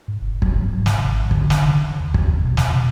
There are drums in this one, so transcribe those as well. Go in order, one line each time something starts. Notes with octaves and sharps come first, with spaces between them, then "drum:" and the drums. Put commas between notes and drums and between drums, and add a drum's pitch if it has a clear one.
G#2
F#1
F#3, drum: kick
G#2
drum: snare
G#1
D3, drum: kick
drum: snare
D#2
drum: kick
F2
B2
drum: snare